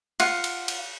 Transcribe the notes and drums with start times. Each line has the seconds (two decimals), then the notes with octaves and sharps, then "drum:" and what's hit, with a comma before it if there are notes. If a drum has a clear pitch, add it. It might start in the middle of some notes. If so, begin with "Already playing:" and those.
0.20 F4 F#5, drum: cymbal
0.44 drum: cymbal
0.68 drum: cymbal